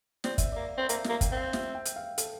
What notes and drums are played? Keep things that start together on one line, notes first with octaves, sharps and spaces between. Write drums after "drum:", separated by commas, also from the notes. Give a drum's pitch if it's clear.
C4 D5, drum: snare
E5, drum: kick, hi-hat
A#3 D5
C4
A#3 E5, drum: hi-hat
F5, drum: snare
A#3
G5, drum: kick, hi-hat
C4 F5
E5, drum: snare
G5
drum: hi-hat
F5
A4, drum: hi-hat